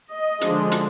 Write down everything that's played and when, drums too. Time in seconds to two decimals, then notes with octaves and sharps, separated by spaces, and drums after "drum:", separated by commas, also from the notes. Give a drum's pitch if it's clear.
0.12 D#5
0.41 D3 F3 G#3 D4, drum: hi-hat
0.72 drum: hi-hat